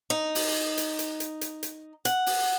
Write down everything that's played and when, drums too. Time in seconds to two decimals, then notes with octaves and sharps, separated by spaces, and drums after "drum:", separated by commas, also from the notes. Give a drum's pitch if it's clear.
0.10 D#4
0.35 drum: open hi-hat
0.77 drum: hi-hat
0.99 drum: hi-hat
1.20 drum: hi-hat
1.41 drum: hi-hat
1.63 drum: hi-hat
2.05 F#5, drum: hi-hat
2.26 drum: open hi-hat